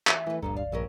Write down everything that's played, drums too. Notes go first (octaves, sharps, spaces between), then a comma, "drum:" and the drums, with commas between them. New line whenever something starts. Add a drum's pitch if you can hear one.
E3 E5, drum: clap
E3 A3 B4
D1 G1 G2 A#2 F3 A4 A#5
D5 F5
A#1 G2 C4 C#4 A#4